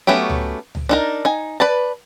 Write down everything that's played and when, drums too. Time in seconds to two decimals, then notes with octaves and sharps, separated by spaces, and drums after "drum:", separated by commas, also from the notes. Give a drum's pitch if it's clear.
0.07 F#3 A3 B3 C#4 G4
0.30 drum: tom C#2
0.75 drum: tom C#2
0.89 D4 D#4 A#4
1.25 D#4 G#5
1.60 B4 D5 A5